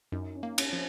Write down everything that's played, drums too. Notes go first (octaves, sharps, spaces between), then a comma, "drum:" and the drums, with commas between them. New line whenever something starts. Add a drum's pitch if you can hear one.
F#2 D#4
C#4
A#3
C#4, drum: cymbal
F3 C#4